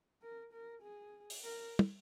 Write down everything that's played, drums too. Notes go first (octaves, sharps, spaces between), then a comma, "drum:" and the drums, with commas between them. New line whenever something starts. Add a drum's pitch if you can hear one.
A#4
A#4
G#4
drum: open hi-hat
A#4
drum: tom